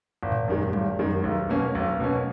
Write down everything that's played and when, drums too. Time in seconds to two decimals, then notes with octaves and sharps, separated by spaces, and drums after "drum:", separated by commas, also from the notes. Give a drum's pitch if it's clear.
0.23 G#1
0.32 drum: tom A2
0.48 F#2 D#3 G#3
0.73 G#1, drum: tom F#3
0.99 F#2 D#3 G#3
1.24 B1
1.49 B2 A#3 C#4
1.75 B1
2.00 B2 A#3 C#4